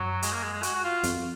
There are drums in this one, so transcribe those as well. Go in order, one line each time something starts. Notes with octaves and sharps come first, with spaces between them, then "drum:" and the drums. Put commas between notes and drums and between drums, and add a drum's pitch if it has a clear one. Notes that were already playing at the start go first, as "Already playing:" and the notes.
Already playing: F#2 F#3
G#3, drum: hi-hat
A#3
G#3
G#3
F#4, drum: hi-hat
F#4
F4
F2, drum: hi-hat